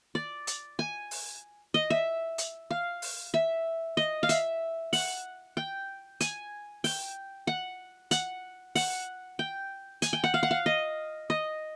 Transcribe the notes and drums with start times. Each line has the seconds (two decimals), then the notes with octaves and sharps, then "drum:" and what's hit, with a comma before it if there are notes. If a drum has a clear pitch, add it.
0.15 D5
0.47 drum: hi-hat
0.79 G#5
1.11 drum: open hi-hat
1.74 D#5
1.90 E5
2.38 drum: hi-hat
2.71 F5
3.02 drum: open hi-hat
3.34 E5
3.97 D#5
4.23 F5
4.29 E5, drum: hi-hat
4.93 F#5, drum: open hi-hat
5.57 G5
6.21 G#5, drum: hi-hat
6.84 G5, drum: open hi-hat
7.47 F#5
8.11 F#5, drum: hi-hat
8.75 F#5, drum: open hi-hat
9.39 G5
10.02 G#5, drum: hi-hat
10.13 G5
10.24 F#5
10.34 F5
10.43 F#5
10.51 F5
10.66 D#5
11.30 D#5